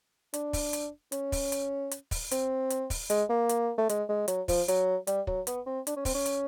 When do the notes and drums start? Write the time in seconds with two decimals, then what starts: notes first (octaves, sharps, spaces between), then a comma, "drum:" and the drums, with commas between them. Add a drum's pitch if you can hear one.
0.34 D4, drum: hi-hat
0.53 drum: kick, open hi-hat
0.73 drum: hi-hat
1.12 C#4, drum: hi-hat
1.32 drum: kick, open hi-hat
1.52 drum: hi-hat
1.91 drum: hi-hat
2.11 drum: kick, open hi-hat
2.31 C4, drum: hi-hat
2.70 drum: hi-hat
2.90 drum: kick, open hi-hat
3.10 G#3, drum: hi-hat
3.30 A#3
3.49 drum: hi-hat
3.78 A3
3.89 G#3, drum: hi-hat
4.09 G#3
4.28 F#3, drum: hi-hat
4.48 F3, drum: kick, open hi-hat
4.68 F#3, drum: hi-hat
5.07 G3, drum: hi-hat
5.27 F#3, drum: kick
5.47 B3, drum: hi-hat
5.66 C4
5.87 D4, drum: hi-hat
5.96 C#4
6.05 C4, drum: kick, open hi-hat
6.14 C#4
6.26 drum: hi-hat